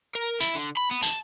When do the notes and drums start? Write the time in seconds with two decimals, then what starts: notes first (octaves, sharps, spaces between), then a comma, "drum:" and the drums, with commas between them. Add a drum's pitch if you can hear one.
0.15 A#4
0.41 E4, drum: tambourine
0.55 D3
0.77 B5
0.91 B3
1.03 A5, drum: tambourine